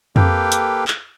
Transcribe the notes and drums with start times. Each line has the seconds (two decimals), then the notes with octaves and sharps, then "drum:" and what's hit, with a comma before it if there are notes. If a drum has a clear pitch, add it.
0.16 A#3 G4 A4 B4 F5 G5, drum: tom F2
0.52 drum: hi-hat
0.88 drum: clap